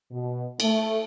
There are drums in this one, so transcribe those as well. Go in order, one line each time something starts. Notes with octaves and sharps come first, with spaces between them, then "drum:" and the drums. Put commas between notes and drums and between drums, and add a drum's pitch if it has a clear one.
B2
A3, drum: cymbal